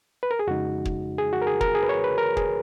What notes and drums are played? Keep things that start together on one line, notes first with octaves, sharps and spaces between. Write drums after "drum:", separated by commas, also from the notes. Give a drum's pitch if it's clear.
B4
A#4
G#4
F2 C#3 G#3 D#4 F#4
drum: kick
G#4
F#4
A#4
G#4
A#4, drum: kick
G#4
B4
C#5
B4
A#4
G#4, drum: kick